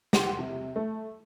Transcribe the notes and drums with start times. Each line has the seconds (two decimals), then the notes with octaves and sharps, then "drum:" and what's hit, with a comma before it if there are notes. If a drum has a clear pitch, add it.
0.13 G4 F#5 C6, drum: snare
0.39 C3
0.76 A3